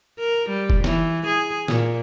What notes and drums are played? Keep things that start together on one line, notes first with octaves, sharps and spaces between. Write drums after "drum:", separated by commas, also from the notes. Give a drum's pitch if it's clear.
A#4
G3
drum: kick F1
E3, drum: snare
G#4
A#2, drum: snare